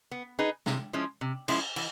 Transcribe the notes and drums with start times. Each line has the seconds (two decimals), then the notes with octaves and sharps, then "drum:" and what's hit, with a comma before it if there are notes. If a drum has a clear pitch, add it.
0.11 B3
0.39 D#4 G#4 B4
0.66 C3, drum: snare
0.93 F3 G#3 C#4 E4
1.21 C3
1.48 F3 G#3 C#4 E4, drum: cymbal
1.76 E3, drum: cymbal